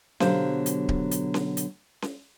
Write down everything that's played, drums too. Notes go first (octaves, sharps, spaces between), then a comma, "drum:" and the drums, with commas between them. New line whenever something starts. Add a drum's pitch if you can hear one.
B2 D3 F#3 G4 C5 F5, drum: snare C#4
drum: hi-hat
drum: kick D1
drum: hi-hat
drum: snare C#4
drum: hi-hat
drum: snare C#4